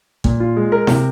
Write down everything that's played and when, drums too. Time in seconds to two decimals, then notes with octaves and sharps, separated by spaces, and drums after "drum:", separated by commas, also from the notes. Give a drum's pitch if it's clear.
0.24 A#2, drum: kick
0.40 F4
0.57 G#3
0.72 A#4
0.87 C3, drum: snare E4